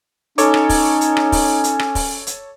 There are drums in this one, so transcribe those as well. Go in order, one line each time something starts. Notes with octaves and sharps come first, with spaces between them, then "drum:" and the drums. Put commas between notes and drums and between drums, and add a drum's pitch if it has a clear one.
C#4 D#4 A4 C#5 D6, drum: hi-hat
drum: rim click
drum: kick, open hi-hat
drum: hi-hat
drum: rim click
drum: kick, open hi-hat
drum: hi-hat
drum: rim click
drum: kick, open hi-hat
drum: hi-hat